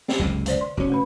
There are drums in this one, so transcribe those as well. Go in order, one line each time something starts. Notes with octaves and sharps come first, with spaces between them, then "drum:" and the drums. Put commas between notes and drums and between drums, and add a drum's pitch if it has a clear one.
drum: snare
F#1 C#2 C3
D3 C5 D5, drum: hi-hat
C6
F1 C#4 F#4 C#5
A3 B4 B5